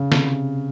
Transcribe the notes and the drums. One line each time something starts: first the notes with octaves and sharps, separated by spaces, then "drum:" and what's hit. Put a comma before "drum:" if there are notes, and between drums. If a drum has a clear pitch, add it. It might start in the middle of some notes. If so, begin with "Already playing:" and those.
Already playing: C#3
C3, drum: snare